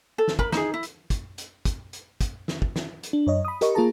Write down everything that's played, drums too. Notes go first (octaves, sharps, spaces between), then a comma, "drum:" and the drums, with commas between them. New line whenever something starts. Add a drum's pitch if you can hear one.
A4
drum: snare
A#4 B5, drum: kick
D#4 G#4, drum: snare
E4
drum: hi-hat
drum: kick, hi-hat
drum: hi-hat
drum: kick, hi-hat
drum: hi-hat
drum: kick, hi-hat
drum: snare
drum: kick
drum: snare
drum: hi-hat
D4
F#2 C#5 D#5
B5 D#6
G4 A#4 D#5 C#6, drum: hi-hat
A#3 F4 G#4 A#4 A5 A#5